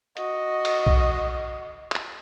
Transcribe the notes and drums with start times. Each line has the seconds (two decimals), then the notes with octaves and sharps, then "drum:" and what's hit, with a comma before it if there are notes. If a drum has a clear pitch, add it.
0.17 F#4 D#5, drum: hi-hat
0.65 drum: cymbal
0.87 drum: kick B1
1.92 drum: clap